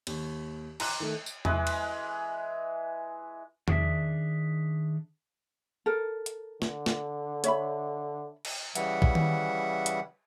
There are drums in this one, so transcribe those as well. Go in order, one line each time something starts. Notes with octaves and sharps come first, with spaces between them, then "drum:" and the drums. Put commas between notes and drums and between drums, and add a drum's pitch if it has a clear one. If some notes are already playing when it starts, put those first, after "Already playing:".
D#2, drum: cymbal
A#5 C6 D6 F#6, drum: cymbal
D#3 A3
drum: tambourine
E3 G#3 B4, drum: tom E2
drum: cymbal
D#3 D4 G#4 A4 D5 E5, drum: tom E2
A4 A#4
drum: hi-hat
D3, drum: snare
drum: snare
C#5 E5 B5, drum: hi-hat
drum: cymbal
C#3 E3 G3 E5 F#5, drum: hi-hat
drum: kick
drum: tom D#3
drum: hi-hat